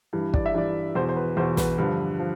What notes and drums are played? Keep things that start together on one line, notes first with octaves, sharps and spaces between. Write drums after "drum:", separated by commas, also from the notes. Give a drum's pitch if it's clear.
G2 E3
D5, drum: kick
E5
G2 E3 D5
E2 B2 C5
C5
B4
E2 B2 C5
B4, drum: snare
G2 D3 F3
F3